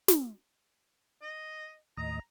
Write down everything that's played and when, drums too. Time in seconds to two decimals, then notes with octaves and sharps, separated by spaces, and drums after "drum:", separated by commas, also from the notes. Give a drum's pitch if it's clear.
0.08 drum: snare
1.22 D#5
1.97 D#2 A2 D#5 A#5